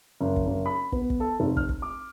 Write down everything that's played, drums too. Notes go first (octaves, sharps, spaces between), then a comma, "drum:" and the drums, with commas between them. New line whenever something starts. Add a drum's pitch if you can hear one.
F#1
drum: kick
F#1
B5
B3, drum: kick
drum: kick
A4
F1
F6, drum: kick
drum: kick
D6